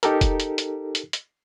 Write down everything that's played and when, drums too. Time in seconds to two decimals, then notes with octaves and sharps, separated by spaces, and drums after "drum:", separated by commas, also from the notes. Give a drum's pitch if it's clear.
0.03 D#4 G4 A4 A#4, drum: hi-hat
0.21 drum: kick F1, hi-hat
0.40 drum: hi-hat
0.58 drum: hi-hat
0.95 drum: hi-hat
1.13 drum: hi-hat